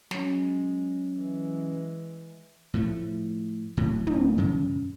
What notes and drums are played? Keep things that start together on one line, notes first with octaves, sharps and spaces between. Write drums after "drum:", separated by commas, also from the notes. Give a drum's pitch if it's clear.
F#3 G#3 C#4, drum: snare
E3 G#3
A2 F3 A3
D1 A2 F#3
drum: tom
F#2 C#3